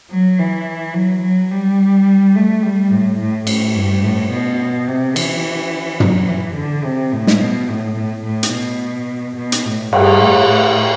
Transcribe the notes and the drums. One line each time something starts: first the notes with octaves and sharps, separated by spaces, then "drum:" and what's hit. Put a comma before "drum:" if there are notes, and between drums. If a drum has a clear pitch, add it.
F#3
E3
F#3
F#3
G3
A3
G3
A2
A2
A2, drum: cymbal
G2
A2
B2
C3
E3, drum: cymbal
F#3, drum: tom
E3
D3
C3
A2
drum: snare
B2
A2
A2
A2
drum: hi-hat
B2
B2
drum: hi-hat
A2
G2, drum: cymbal
A2
A2